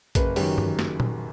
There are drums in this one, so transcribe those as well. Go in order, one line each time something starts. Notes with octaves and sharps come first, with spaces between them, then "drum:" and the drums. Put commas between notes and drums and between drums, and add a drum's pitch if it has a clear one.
F#1 B4, drum: kick, hi-hat
F#2 D#3 G4, drum: open hi-hat
drum: tom G2
drum: snare
drum: tom A#2